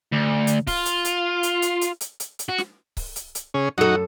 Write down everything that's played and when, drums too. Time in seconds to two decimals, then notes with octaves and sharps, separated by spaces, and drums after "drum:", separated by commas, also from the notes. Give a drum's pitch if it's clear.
0.12 D2
0.47 drum: hi-hat
0.67 F4, drum: kick C#1, open hi-hat
0.86 drum: hi-hat
1.05 drum: hi-hat
1.43 drum: hi-hat
1.62 drum: hi-hat
1.82 drum: hi-hat
2.01 drum: hi-hat
2.20 drum: hi-hat
2.39 drum: hi-hat
2.49 F#4
2.58 drum: snare
2.97 drum: kick C#1, open hi-hat
3.16 drum: hi-hat
3.35 drum: hi-hat
3.54 C#3 C#4 G#4
3.78 F#2 F#3 D#4 F#4 A4